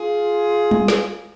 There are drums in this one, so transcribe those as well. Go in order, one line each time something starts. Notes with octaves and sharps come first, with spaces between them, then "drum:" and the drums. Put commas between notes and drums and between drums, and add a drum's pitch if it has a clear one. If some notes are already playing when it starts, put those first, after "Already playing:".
Already playing: F4 G#4
drum: tom G3
drum: snare